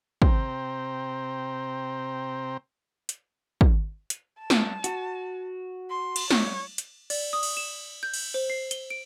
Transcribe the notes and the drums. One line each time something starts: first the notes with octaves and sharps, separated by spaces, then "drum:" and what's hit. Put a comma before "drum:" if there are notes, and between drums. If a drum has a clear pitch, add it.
C3 C4 C5 G5 A#5, drum: kick
drum: hi-hat
drum: kick
drum: hi-hat
A5
drum: snare
F#4, drum: hi-hat
C6
drum: cymbal
C#5, drum: snare
drum: hi-hat
D5, drum: cymbal
D#6
drum: cymbal
E7
G6
drum: cymbal
C5
C7
G7, drum: hi-hat
D7